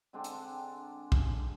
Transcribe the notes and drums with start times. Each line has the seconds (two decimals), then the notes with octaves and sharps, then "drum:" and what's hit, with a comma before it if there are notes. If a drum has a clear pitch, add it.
0.13 D3 G#3 C4 D4
0.24 drum: hi-hat
1.12 drum: kick